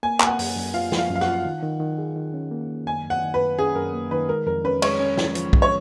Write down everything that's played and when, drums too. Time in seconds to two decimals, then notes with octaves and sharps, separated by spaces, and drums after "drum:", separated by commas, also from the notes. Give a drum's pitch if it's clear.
0.03 A#3 G#5
0.20 A#3 G#5, drum: clap
0.27 F#5
0.39 F#2, drum: open hi-hat
0.57 F#2
0.74 F4 F5
0.92 F3, drum: snare
0.98 F5
1.10 F#2
1.16 F5
1.21 F#5, drum: rim click
1.28 F4
1.45 D#3
1.63 D#3
1.80 D#3
1.98 G#4
2.16 D#3
2.34 C#4
2.51 A#3
2.70 D#3
2.86 F#2 G#5
3.05 F#2 F#5
3.22 D#3
3.34 B4
3.40 F#2
3.59 C#4 G#4
3.75 F#2 A#4
3.93 A#3
4.11 D#3 B4
4.29 G#3 A#4
4.47 F2 A#4
4.64 C#4 B4
4.82 G#3 C#5, drum: cymbal
5.00 C#4
5.17 F3, drum: snare
5.35 F3, drum: hi-hat
5.53 G#3, drum: kick B1
5.62 C#5